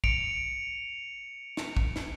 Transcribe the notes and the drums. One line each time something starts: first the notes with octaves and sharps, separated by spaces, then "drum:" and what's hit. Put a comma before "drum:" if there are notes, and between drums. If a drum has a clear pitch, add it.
C#7 D7 F7, drum: kick
drum: snare
drum: kick
drum: snare